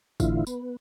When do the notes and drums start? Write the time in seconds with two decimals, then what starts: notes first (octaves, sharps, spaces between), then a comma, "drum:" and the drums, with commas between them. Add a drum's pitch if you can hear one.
0.20 A2 D3 E3 E4 F4, drum: kick, tambourine
0.47 B3, drum: tambourine